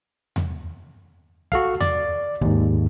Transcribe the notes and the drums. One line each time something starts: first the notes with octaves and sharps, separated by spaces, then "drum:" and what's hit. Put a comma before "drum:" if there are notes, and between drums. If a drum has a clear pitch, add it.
drum: tom E2
F#4 A4 F5, drum: kick
D5, drum: tom E2
D#2 G#2, drum: kick